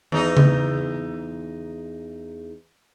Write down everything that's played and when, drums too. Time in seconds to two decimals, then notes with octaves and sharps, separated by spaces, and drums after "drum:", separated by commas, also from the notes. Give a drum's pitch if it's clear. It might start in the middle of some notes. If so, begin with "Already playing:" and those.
0.12 E2 D#4 D#5
0.37 drum: tom C#3